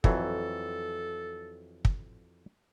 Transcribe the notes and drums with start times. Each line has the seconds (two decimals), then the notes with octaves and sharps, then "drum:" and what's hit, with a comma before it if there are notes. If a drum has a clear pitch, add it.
0.04 F2 E3 F#3 A4, drum: kick
1.85 drum: kick